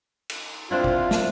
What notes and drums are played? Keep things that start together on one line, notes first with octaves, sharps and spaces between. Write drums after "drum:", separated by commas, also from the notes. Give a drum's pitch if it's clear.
drum: cymbal
C4 D4 E4 F4
drum: kick
drum: snare